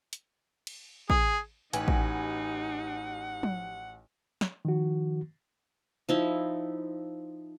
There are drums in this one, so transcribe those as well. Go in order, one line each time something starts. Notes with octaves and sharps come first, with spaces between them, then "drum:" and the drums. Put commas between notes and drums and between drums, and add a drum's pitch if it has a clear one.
drum: hi-hat
drum: cymbal
G#4, drum: kick
A1 D#4 F#4 G4 B4 F#5 G#5, drum: hi-hat
drum: kick
drum: tom F3
drum: snare
D#3 F3 F#4
F3 D#4 E4